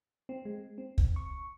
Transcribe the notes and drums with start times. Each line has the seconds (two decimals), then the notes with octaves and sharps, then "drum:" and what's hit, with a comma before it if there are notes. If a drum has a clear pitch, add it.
0.29 C4
0.45 G#3
0.78 C4
0.98 drum: kick
1.16 C#6